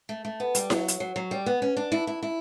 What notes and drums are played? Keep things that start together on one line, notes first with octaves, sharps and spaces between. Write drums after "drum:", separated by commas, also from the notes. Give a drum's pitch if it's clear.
A3
A3
B3
G3, drum: hi-hat
F#3, drum: snare E4
drum: hi-hat
F#3
F#3
G3
B3
C#4
D4
E4
E4
E4